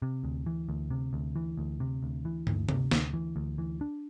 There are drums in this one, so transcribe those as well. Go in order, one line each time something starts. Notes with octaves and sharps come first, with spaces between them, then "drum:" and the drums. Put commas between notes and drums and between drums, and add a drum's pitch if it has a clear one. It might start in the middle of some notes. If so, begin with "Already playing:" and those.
C3
D2
E3
D2
C3
D2
E3
D2
C3
D2
E3
D2, drum: tom
C3, drum: tom C3
D2, drum: snare
E3
D2
E3
D4